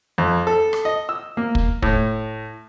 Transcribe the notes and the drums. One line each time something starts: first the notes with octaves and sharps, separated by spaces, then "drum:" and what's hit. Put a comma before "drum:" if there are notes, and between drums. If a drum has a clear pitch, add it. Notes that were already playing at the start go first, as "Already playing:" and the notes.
F2
A4
drum: rim click
D#5
E6
A#3
drum: kick
A2, drum: kick